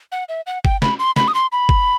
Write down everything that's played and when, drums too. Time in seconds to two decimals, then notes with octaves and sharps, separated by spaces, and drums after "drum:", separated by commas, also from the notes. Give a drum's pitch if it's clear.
0.12 F#5
0.29 E5
0.46 F#5
0.65 G5, drum: kick
0.82 B5, drum: snare
0.99 C6
1.16 B5, drum: snare
1.28 D#6
1.35 C6
1.52 B5
1.69 drum: kick